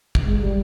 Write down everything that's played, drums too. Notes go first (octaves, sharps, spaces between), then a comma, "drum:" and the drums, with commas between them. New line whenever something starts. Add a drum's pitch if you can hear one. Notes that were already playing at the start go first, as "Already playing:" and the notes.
drum: kick
G#3
G3